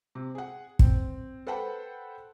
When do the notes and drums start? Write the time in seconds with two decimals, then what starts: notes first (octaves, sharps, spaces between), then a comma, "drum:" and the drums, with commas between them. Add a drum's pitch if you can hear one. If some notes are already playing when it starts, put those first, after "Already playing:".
0.15 C3
0.35 G#4 F#5
0.79 C4, drum: kick
1.47 A4 B4 C5 F#5 G5 A5